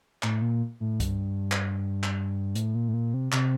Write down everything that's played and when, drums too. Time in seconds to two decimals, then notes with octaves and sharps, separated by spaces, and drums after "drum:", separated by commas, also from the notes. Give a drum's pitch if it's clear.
0.23 A2, drum: clap
0.42 A#2
0.80 A2
1.00 G2, drum: kick C2, hi-hat
1.52 drum: clap
2.03 drum: clap
2.55 A2, drum: hi-hat
2.75 A#2
2.88 A2
2.94 A#2
3.14 C3
3.32 C3, drum: clap